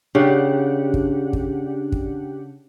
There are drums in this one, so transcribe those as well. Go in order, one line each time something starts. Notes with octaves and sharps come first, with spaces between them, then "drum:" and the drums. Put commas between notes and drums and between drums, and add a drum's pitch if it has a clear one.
C#3 D4 G4 F#5
drum: kick
drum: kick
drum: kick